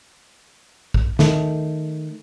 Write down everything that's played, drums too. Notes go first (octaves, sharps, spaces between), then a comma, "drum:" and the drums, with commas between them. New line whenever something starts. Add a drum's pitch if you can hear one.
drum: kick
D#3 A3, drum: snare